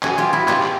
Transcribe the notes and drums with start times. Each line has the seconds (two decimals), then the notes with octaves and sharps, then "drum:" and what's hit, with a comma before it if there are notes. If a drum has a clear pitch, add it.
0.03 F#4 G#4, drum: clap
0.18 F4 G4
0.33 E4 F#4
0.48 F4 G4, drum: clap
0.63 drum: clap